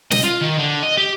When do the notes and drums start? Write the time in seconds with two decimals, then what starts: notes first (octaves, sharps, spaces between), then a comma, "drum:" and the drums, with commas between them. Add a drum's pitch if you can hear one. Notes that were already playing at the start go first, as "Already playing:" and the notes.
0.11 D#5, drum: snare
0.24 F4
0.41 D#3
0.58 D3
0.83 D#5
0.97 G4